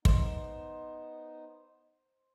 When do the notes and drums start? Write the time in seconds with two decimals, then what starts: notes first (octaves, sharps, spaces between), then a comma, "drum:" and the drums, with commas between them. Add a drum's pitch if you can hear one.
0.05 B3 D#4 C5, drum: kick